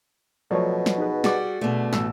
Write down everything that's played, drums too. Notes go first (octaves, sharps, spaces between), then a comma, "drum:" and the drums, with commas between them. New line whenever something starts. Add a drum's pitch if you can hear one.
B2 F3 F#3 A3 C#5 D5
drum: snare
D#4 G#4 B4
G3 F#4 G#4 F#5 D6 A6, drum: snare
B2 D3 A3
A1 A4 E6, drum: snare